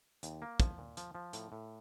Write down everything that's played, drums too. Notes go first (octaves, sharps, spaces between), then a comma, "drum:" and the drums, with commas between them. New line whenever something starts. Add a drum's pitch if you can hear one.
D#2, drum: hi-hat
A#3
F3, drum: kick, hi-hat
A#2
F3, drum: hi-hat
F3
A2, drum: hi-hat
A2